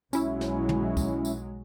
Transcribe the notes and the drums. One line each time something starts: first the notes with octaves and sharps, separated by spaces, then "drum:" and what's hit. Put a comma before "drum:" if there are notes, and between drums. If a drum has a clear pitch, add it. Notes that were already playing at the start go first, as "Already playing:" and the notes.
B1 F#3 G#3 C#4 E4, drum: tambourine
drum: snare
drum: tom
drum: kick, tambourine
drum: tambourine